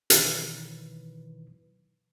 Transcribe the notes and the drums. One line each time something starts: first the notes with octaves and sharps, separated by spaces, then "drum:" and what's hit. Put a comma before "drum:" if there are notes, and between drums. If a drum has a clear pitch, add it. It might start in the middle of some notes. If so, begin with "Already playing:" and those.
B2 D#3 E3 F#3 B4, drum: hi-hat